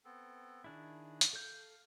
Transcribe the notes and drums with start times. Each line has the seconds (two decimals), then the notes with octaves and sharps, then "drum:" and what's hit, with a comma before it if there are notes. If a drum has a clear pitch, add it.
0.05 B3 C4 A4
0.64 D#3 D4 E4 G#4
1.21 drum: hi-hat
1.33 A4 F5 G6